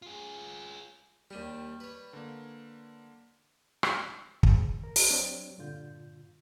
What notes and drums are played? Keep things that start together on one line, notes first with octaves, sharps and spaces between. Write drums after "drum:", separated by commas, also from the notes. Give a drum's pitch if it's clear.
F4 G#4
D#2 G3 D4 G4 D#7
B4 C#5
D3 A#3
drum: rim click
C3 G#4, drum: kick
A#4
drum: open hi-hat
F#3 C4 D4 G4 C#5
G2 A#2 D3 F4 G6